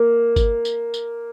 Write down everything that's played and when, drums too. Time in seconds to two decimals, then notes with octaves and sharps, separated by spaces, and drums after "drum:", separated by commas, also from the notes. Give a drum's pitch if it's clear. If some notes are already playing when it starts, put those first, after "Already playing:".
Already playing: A#3
0.36 drum: kick G1, tambourine
0.65 drum: tambourine
0.94 drum: tambourine